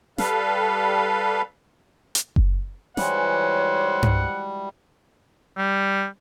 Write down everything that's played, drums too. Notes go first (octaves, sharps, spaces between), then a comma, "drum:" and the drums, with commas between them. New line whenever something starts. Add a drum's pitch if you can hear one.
G3 A4 B4 F5, drum: snare
drum: hi-hat
drum: kick F#1
E3 G3 G#3 F#4 C5 C#5 F#5, drum: snare
drum: tom G2
G3